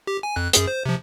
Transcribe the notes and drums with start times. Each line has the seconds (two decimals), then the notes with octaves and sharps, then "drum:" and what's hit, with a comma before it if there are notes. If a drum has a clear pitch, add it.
0.07 G4
0.23 G#5
0.36 F2 F#6
0.53 F#2 G#4, drum: hi-hat
0.67 C5
0.86 C3 F3